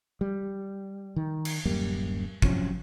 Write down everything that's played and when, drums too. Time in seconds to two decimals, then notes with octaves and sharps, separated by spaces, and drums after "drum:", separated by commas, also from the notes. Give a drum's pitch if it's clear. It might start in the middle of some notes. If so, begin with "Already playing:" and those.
0.21 G3
1.16 D#3
1.45 drum: cymbal
1.66 D1 F#2 G3 A#3
2.42 C3 F3 F#3 C#4, drum: kick